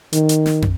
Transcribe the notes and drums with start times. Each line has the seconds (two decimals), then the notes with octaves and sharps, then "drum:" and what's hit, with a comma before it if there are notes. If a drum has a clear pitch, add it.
0.13 D#3, drum: hi-hat
0.29 drum: hi-hat
0.46 drum: snare
0.62 drum: tom